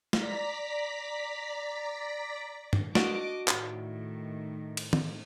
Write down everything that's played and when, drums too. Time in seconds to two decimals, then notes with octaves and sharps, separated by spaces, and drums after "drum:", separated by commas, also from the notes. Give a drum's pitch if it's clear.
0.13 D5 A#5 B6, drum: snare
2.73 drum: tom
2.95 D4 F#4 D#5 D6, drum: snare
3.48 A2 D#3, drum: clap
4.77 drum: cymbal
4.93 drum: tom